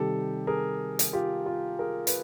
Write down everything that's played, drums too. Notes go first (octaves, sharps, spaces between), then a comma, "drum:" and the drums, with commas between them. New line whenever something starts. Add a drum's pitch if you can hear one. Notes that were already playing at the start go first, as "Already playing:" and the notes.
Already playing: C3 D#3 G3 G4 A4
G#4 A#4
drum: hi-hat
F4 G4
F4
G#4 A#4
B4, drum: hi-hat